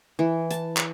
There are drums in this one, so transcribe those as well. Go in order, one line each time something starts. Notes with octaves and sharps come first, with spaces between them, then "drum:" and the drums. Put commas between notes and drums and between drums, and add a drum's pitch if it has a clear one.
E3
A5, drum: hi-hat
drum: clap